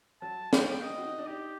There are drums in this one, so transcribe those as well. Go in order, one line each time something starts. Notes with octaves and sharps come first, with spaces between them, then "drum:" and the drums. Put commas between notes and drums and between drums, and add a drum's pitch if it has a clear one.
F#3 A5
A#3 G5, drum: snare
D#5
F#4
D#4
D4
D#4 G4